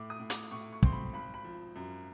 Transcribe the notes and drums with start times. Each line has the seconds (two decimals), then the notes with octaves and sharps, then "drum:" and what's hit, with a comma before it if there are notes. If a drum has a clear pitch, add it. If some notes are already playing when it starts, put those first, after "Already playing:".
Already playing: A2 D6
0.10 D#6
0.19 A2
0.30 D6, drum: hi-hat
0.51 A2 C#6
0.73 C#6
0.83 C4 C6, drum: kick
0.92 B5
1.13 G#1 B5
1.34 B5
1.44 F3
1.76 F#2